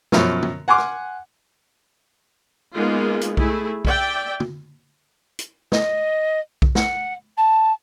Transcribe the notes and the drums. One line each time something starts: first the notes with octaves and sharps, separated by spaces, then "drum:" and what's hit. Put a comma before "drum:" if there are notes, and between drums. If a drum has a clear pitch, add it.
F#2 B2 F3 C#4, drum: snare
drum: tom
F#5 G#5 C6 D6 F6
drum: rim click
G#3 A#3 B3 D#4 F4 G#4
drum: hi-hat
A3 E4 G#4, drum: kick B1
D5 E5 G5, drum: kick B1
drum: tom
drum: hi-hat
D#5, drum: snare
drum: kick B1
F#5, drum: snare
A5